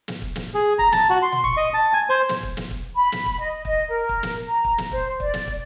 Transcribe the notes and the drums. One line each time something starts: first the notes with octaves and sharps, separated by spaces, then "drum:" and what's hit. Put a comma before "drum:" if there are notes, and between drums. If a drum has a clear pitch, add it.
drum: snare
drum: kick
drum: snare
G#4
A#5, drum: kick
A5, drum: snare
F#4
C6
drum: tom A#2
C#6, drum: kick
D#5
A5
G#5
C5
drum: snare
drum: kick
drum: snare
drum: kick
B5
drum: snare
drum: kick
D#5
D#5, drum: kick
A#4
drum: kick
drum: snare
A#5
drum: kick
drum: snare
C5, drum: kick
D5, drum: kick
drum: snare
drum: kick